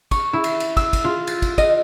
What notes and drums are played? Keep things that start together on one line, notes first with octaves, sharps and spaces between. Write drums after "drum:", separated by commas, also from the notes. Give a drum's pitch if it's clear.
C#6, drum: kick, cymbal
E4
drum: cymbal
drum: cymbal
E6, drum: kick, cymbal
drum: kick, cymbal
F4
A6, drum: cymbal
drum: kick, cymbal
D#5, drum: kick, cymbal